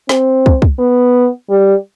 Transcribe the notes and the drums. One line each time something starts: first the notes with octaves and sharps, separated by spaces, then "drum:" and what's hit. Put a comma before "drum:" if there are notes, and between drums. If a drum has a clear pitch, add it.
C4, drum: snare
drum: kick
drum: kick
B3
G3